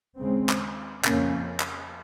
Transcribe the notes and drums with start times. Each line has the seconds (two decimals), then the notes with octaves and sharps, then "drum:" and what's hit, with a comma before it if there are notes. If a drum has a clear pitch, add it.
0.21 D#2 C#3 G#3 C4
0.49 drum: clap
1.04 F2 C#3 A#3 C#4, drum: clap
1.60 drum: clap